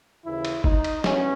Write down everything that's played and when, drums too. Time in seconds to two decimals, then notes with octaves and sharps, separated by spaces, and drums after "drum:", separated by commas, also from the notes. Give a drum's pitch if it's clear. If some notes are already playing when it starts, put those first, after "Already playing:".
0.25 D#2 C#3 E3 E4
0.45 drum: cymbal
0.64 D#4, drum: kick F#1
0.84 drum: cymbal
1.04 E2 B2 C#4, drum: snare